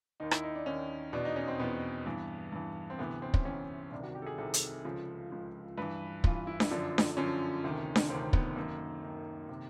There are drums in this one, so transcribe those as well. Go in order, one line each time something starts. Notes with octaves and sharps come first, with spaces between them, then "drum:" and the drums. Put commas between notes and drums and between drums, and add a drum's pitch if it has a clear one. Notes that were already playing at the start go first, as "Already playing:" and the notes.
D#2 D#3 D#4
E4, drum: rim click
D#4
D4
D#2 D#3 C#4
E2 B2 D4
D#4
C#4
C4
E2 B2 B3
G2 E3
G2 E3
C4
D2 C3 E3 B3
C4
C#4, drum: kick
D2 C3 E3 C#4
C2 C3 D#3 D4
F#4
G4
A4
G#4
C2 C3 D#3 A4
drum: hi-hat
C#2 C#3 F3
C#2 C#3 F3
G2 E3 B4
G2 E3 F4, drum: kick
E4
drum: snare D4
F#2 D3 F3 D4
drum: snare D4
F#2 D3 F3 C#4
D2 C3 D#3
drum: snare D4
D2 C3 D#3 C4
B3, drum: kick
F#2 D#3 A#3
F#2 D#3
C3 D#3